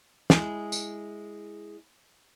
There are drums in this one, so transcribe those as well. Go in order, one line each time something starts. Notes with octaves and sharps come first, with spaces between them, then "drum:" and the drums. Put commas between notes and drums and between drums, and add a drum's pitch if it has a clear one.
G#3 E4 G#5, drum: snare
drum: tambourine